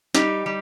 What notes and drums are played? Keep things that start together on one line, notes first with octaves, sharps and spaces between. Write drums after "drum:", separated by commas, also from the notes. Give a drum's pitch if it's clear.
G3 D#4 G4, drum: snare
G3